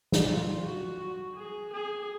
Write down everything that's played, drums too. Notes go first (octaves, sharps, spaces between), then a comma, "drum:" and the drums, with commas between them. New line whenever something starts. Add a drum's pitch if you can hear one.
drum: snare
F4
F#4
F#4
G#4
G#4